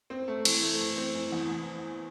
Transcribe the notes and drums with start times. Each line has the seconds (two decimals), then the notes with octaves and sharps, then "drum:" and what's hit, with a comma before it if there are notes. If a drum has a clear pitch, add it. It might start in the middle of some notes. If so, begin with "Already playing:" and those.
0.10 C4
0.28 A3
0.45 E3, drum: cymbal
0.63 A3
0.81 E3
0.97 C4
1.15 E3
1.32 E2